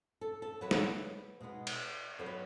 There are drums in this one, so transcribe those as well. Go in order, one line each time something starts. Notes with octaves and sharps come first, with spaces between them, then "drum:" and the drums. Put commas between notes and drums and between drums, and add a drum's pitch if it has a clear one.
A4
A4
F#3 B3 E4 B4
drum: snare
B2 G#3 B3 D#4
drum: cymbal
F#3 B3 D#4 A4
B4